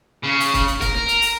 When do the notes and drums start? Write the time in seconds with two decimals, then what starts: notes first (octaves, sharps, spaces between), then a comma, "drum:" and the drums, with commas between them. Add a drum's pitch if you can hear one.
0.23 C#3
0.40 drum: open hi-hat
0.54 drum: kick, hi-hat
0.67 drum: hi-hat
0.81 A#4, drum: kick, hi-hat
0.95 drum: snare
1.08 drum: hi-hat
1.22 drum: open hi-hat